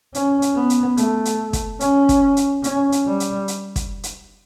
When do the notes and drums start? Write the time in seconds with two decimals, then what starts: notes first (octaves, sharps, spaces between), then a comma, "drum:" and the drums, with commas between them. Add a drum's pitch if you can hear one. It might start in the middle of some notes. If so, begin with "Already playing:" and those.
0.15 C#4, drum: hi-hat
0.42 drum: hi-hat
0.55 B3
0.70 drum: hi-hat
0.97 A3, drum: hi-hat
1.25 drum: hi-hat
1.53 drum: kick, hi-hat
1.80 C#4, drum: hi-hat
2.09 drum: kick, hi-hat
2.37 drum: hi-hat
2.64 C#4, drum: hi-hat
2.92 drum: hi-hat
3.07 G3
3.20 drum: hi-hat
3.48 drum: hi-hat
3.76 drum: kick, hi-hat
4.03 drum: hi-hat